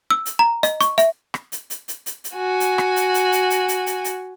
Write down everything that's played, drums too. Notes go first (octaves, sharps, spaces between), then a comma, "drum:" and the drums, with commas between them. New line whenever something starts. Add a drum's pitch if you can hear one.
E6
drum: hi-hat
A#5
D#5, drum: hi-hat
C#6, drum: hi-hat
E5, drum: hi-hat
drum: rim click
drum: hi-hat
drum: hi-hat
drum: hi-hat
drum: hi-hat
drum: hi-hat
F#4 G#5
drum: hi-hat
drum: rim click
drum: hi-hat
drum: hi-hat
drum: hi-hat
drum: hi-hat
drum: hi-hat
drum: hi-hat
drum: hi-hat